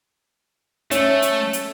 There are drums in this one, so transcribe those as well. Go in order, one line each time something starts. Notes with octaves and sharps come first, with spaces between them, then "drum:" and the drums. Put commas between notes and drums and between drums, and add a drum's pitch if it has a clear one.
A3 C#4, drum: hi-hat
drum: hi-hat
drum: hi-hat